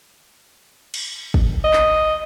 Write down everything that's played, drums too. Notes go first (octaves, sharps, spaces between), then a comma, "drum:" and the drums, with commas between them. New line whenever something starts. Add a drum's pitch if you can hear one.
drum: cymbal
drum: kick
D#5
drum: clap